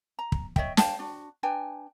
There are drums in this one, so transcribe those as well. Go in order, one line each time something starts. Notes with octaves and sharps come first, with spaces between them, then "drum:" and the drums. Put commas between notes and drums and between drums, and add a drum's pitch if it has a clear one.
A#5
drum: kick
C#5 D#5 E5 G5, drum: kick
C5 F5 G5 A5, drum: snare
D4 F#4
D4 B4 G5 G#5